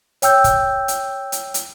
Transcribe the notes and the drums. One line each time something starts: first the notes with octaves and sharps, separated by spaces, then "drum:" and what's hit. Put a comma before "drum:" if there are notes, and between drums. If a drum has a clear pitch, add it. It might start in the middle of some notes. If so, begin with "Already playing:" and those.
C#5 G5 E6 G6, drum: hi-hat
drum: kick, hi-hat
drum: hi-hat
drum: hi-hat
drum: hi-hat